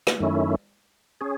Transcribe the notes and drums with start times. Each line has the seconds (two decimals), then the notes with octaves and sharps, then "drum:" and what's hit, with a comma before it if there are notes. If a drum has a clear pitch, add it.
0.07 drum: rim click
0.20 F#2 D#3 A3 C#4 E4
1.21 C#4 G#4